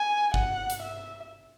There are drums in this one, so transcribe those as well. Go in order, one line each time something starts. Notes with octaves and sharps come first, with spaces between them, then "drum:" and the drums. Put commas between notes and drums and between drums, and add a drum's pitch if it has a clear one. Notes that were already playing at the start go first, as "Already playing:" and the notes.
Already playing: G#5
F#5, drum: kick
drum: hi-hat
E5